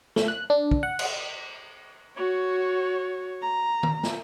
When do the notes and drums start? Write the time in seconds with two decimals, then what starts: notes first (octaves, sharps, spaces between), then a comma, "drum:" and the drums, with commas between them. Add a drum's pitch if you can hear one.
0.16 A3, drum: snare
0.28 F#6
0.50 D4
0.71 drum: kick
0.83 F#5
0.99 drum: cymbal
2.16 F#4 C#5
3.41 A#5
3.83 drum: tom D#3
4.03 drum: snare